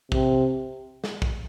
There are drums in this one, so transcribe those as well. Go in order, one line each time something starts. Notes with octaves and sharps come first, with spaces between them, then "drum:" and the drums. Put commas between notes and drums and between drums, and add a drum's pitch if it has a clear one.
C3, drum: kick
drum: snare
drum: kick